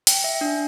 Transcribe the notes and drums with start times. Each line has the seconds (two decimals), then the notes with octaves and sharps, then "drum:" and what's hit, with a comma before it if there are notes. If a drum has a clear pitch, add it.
0.07 G5, drum: hi-hat
0.24 E5
0.41 D4